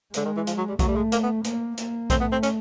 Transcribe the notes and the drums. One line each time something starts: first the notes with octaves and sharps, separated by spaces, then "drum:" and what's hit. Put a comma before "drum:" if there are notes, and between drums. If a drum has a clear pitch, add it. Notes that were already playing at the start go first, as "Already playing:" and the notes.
D3 G#3, drum: hi-hat
D#3
E3
F3, drum: hi-hat
F#3
G3
F#3 A3, drum: kick B1, hi-hat
G3
G#3
A#3, drum: hi-hat
B3
A#3, drum: hi-hat
A#3, drum: hi-hat
A3 C4, drum: kick B1, hi-hat
B3
C4
C#4, drum: hi-hat